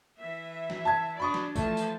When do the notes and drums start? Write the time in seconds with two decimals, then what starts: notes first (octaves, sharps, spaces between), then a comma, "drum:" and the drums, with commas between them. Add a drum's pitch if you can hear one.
0.19 E3 E5
0.70 drum: snare
0.85 A5 G#6
1.20 D4 B4 D5 B5 C#6 D#6
1.34 drum: snare
1.56 E3 F3 A3 A5, drum: kick B1, tambourine
1.77 drum: tambourine